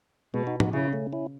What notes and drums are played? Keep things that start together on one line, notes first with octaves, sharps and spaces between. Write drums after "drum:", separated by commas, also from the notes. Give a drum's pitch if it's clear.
B2 G#3 B3
D#4 F#4
D#4 F#4, drum: tom
C#3 C#4 E4
A3 C#4
C#4 E4